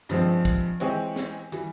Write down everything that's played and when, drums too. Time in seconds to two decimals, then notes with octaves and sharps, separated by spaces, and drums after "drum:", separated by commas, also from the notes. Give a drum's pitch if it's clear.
0.09 G2 F3 G#3 C4, drum: hi-hat
0.45 drum: kick, hi-hat
0.80 E3 G#3 C4 G4 C#5, drum: hi-hat
1.16 drum: snare
1.52 E3 G3, drum: hi-hat